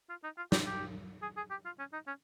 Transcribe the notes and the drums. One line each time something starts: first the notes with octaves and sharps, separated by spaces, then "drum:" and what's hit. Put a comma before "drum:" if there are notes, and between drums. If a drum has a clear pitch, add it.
F4
D#4
F4
G4, drum: snare
G4
G#4
G#4
G4
F4
C#4
D#4
C#4